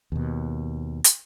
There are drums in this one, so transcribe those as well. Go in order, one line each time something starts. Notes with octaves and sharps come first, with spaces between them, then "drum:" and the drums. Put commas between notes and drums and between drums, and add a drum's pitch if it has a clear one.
D#2 B2
drum: hi-hat